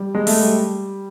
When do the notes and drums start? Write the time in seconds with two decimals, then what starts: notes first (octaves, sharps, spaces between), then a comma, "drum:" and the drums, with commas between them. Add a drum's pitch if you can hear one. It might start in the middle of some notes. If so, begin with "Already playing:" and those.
Already playing: G3
0.14 G#3
0.27 A3, drum: open hi-hat
0.40 G3